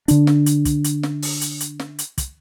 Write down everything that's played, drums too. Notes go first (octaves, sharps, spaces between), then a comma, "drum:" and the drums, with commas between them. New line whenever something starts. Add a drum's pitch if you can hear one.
D3 D4, drum: hi-hat
drum: snare
drum: hi-hat
drum: kick, hi-hat
drum: hi-hat
drum: snare
drum: open hi-hat
drum: hi-hat
drum: hi-hat
drum: snare
drum: hi-hat
drum: kick, hi-hat